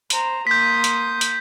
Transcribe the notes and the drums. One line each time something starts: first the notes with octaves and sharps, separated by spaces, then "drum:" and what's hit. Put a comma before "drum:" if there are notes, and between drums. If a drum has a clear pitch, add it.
C5 A#5, drum: hi-hat
A#3 C6 D#6 G6 B6
drum: hi-hat
drum: hi-hat